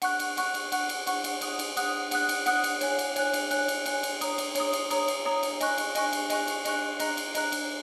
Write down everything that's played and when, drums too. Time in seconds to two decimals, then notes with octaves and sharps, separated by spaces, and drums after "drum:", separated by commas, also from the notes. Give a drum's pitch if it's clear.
0.02 F#5 C#6 F#6, drum: cymbal
0.19 drum: cymbal
0.37 F#5 C#6 F#6, drum: cymbal
0.54 drum: cymbal
0.72 F#5 C#6 F#6, drum: cymbal
0.89 drum: cymbal
1.07 F#5 C#6 F#6, drum: cymbal
1.24 drum: cymbal
1.41 F#5 D#6 F#6, drum: cymbal
1.59 drum: cymbal
1.77 F#5 D#6 F#6, drum: cymbal
2.11 F#5 D#6 F#6, drum: cymbal
2.29 drum: cymbal
2.46 F#5 D#6 F#6, drum: cymbal
2.64 drum: cymbal
2.81 C#5 G#5 F#6, drum: cymbal
2.99 drum: cymbal
3.16 C#5 G#5 F#6, drum: cymbal
3.33 drum: cymbal
3.51 C#5 G#5 F#6, drum: cymbal
3.68 drum: cymbal
3.86 C#5 G#5 F#6, drum: cymbal
4.03 drum: cymbal
4.21 C#5 A#5 D#6, drum: cymbal
4.38 drum: cymbal
4.55 C#5 A#5 D#6, drum: cymbal
4.73 drum: cymbal
4.91 C#5 A#5 D#6, drum: cymbal
5.08 drum: cymbal
5.25 C#5 A#5 D#6
5.43 drum: cymbal
5.61 D#5 G#5 C#6 F#6, drum: cymbal
5.78 drum: cymbal
5.95 D#5 G#5 C#6 F#6, drum: cymbal
6.13 drum: cymbal
6.30 D#5 G#5 C#6 F#6, drum: cymbal
6.48 drum: cymbal
6.65 D#5 G#5 C#6 F#6, drum: cymbal
7.00 D#5 A#5 F#6, drum: cymbal
7.17 drum: cymbal
7.35 D#5 A#5 F#6, drum: cymbal
7.52 drum: cymbal